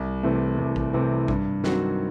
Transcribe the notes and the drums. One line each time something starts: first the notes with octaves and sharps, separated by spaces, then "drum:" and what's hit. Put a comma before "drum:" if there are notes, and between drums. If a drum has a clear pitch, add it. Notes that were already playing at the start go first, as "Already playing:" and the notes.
Already playing: C2
C3 E3 A3 C4
C2
drum: kick A1
C3 E3 A3 C4
G2, drum: kick A1
D#3 F#3 C4 F#4, drum: snare